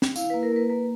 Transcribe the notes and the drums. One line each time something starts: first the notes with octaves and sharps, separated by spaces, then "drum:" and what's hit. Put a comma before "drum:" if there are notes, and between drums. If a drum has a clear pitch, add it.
drum: snare
E4 F5, drum: tambourine
B4
A#3
A#4
A#3 B4
A#3 B4